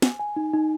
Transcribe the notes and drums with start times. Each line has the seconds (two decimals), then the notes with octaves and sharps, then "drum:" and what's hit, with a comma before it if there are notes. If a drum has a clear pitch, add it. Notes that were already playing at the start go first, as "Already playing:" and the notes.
0.02 G#5, drum: snare
0.19 G#5
0.36 D#4
0.53 D#4